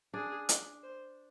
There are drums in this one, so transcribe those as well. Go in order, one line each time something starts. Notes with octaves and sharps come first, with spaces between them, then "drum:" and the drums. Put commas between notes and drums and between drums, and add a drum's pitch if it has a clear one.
D4 G#4
drum: hi-hat
C5